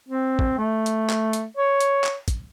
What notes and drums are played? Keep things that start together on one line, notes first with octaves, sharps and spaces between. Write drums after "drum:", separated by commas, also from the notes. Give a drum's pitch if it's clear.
C4
drum: kick
A3
drum: hi-hat
drum: clap
drum: hi-hat
C#5
drum: hi-hat
drum: clap
drum: kick, hi-hat